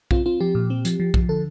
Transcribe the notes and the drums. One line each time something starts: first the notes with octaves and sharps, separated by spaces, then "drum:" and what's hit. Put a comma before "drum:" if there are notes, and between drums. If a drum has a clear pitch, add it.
C4 F4, drum: kick
C4 F4
F3 G4
A#2
C4
F3, drum: hi-hat
F3
F3, drum: kick
D3 A4